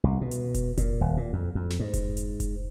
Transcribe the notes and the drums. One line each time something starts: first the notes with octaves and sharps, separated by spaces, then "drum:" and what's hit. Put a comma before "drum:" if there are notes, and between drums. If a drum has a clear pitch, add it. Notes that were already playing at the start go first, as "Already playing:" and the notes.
C2
B2
drum: hi-hat
drum: kick F1, hi-hat
A#2, drum: kick F1, hi-hat
D#1
A#2
F2
F2
drum: snare
G#2
drum: kick F1, hi-hat
drum: hi-hat
drum: kick F1, hi-hat